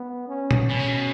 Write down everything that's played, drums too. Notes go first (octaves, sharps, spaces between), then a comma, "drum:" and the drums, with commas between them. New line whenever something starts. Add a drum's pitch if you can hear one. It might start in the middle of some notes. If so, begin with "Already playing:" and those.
Already playing: B3
C#4
drum: tom
B2 C#4
C#3
B2